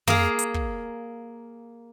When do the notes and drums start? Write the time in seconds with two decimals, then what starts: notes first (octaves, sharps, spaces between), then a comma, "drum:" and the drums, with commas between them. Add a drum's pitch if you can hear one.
0.07 A#3 G#4 F5, drum: tom
0.39 drum: hi-hat
0.54 drum: kick